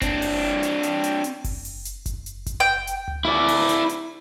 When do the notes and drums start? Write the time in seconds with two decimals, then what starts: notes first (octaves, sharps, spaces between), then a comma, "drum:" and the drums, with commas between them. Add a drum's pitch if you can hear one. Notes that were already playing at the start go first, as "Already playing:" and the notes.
0.02 C4 D4, drum: kick F#1, hi-hat
0.22 drum: open hi-hat
0.63 drum: hi-hat
0.83 drum: hi-hat
1.04 drum: hi-hat
1.24 drum: hi-hat
1.44 drum: kick F#1, open hi-hat
1.65 drum: open hi-hat
1.85 drum: hi-hat
2.06 drum: kick F#1, hi-hat
2.26 drum: hi-hat
2.46 drum: kick F#1, hi-hat
2.60 G5
2.87 drum: hi-hat
3.08 drum: tom C#2
3.25 E4 D5
3.48 drum: open hi-hat
3.69 drum: hi-hat
3.89 drum: hi-hat